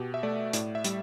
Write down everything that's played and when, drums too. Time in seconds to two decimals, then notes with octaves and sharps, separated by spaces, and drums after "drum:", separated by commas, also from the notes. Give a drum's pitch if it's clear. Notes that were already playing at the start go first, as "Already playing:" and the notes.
Already playing: B2 G4
0.14 E5
0.23 A3 D5
0.53 A2 D5, drum: hi-hat
0.75 E5
0.84 G3, drum: hi-hat